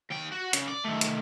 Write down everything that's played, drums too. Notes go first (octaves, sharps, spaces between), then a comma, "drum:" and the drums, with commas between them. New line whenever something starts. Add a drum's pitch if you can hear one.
D#2 G5
F#4
C#3, drum: hi-hat
D5
D#3 A3
drum: hi-hat